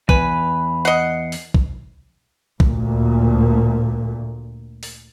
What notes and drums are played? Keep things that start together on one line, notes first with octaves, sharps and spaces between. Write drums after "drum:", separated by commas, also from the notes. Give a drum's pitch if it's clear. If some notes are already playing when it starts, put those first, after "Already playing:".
E2 B4 G#5 B5, drum: kick
D#5 F#5 C7
drum: open hi-hat
drum: kick
D2 A#2, drum: kick
drum: open hi-hat